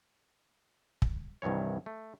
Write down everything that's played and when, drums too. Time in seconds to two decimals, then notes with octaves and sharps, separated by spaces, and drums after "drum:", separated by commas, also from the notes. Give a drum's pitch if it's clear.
1.02 drum: kick
1.42 C2 G2 D#3 E3 C#5
1.86 A3